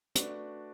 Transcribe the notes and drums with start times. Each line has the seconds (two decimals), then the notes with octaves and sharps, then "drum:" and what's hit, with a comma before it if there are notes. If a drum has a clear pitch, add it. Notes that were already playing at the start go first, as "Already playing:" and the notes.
0.15 A3 D4 F#4 B4 D5, drum: hi-hat